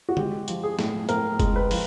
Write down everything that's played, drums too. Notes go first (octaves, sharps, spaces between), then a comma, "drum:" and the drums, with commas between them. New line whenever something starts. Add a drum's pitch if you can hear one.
F#4
G#3 G4, drum: tom
F3, drum: hi-hat
G#4
A2, drum: snare
A2 A#4, drum: hi-hat
G#3, drum: kick F#1, hi-hat
B4
F3, drum: open hi-hat